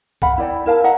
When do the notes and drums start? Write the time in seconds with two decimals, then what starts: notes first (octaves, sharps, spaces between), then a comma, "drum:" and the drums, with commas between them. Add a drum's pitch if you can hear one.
0.22 F5 F#5 B5, drum: kick B1
0.38 E4 D5 G5
0.66 E4 A#4 F5 A5
0.84 D#5 E5 F#5 A#5